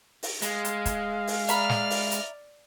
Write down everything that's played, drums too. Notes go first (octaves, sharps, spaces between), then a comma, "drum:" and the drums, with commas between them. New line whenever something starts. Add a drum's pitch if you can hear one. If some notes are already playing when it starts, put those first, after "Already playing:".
drum: open hi-hat
G#3 F5, drum: hi-hat
drum: hi-hat
drum: kick, hi-hat
drum: open hi-hat
D5 E5 A#5 B5 F6, drum: hi-hat
drum: snare
drum: open hi-hat
drum: hi-hat